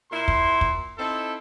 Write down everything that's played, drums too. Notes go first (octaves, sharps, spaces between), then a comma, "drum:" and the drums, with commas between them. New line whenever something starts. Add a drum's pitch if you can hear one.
A#2 E4 C6
drum: kick
drum: kick
C4 D#4 E4 A4